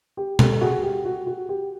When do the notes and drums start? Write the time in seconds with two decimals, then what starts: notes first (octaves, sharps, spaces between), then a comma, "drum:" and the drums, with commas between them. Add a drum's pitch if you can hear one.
0.17 G4
0.39 G4 A4, drum: tom B2
0.61 F#4 G#4
0.83 G4
1.05 F#4
1.27 F#4
1.49 G4